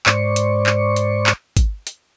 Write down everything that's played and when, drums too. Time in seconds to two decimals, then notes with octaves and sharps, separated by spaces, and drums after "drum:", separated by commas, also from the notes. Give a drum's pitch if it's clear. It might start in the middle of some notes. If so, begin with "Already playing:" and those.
0.06 G#2 C5 D5 C#6, drum: clap
0.36 drum: hi-hat
0.66 drum: clap
0.96 drum: hi-hat
1.26 drum: clap
1.57 drum: kick, hi-hat
1.87 drum: hi-hat